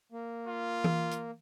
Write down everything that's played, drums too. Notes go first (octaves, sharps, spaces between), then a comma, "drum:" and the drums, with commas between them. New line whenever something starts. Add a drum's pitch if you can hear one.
A#3
F4
drum: tom E3
drum: hi-hat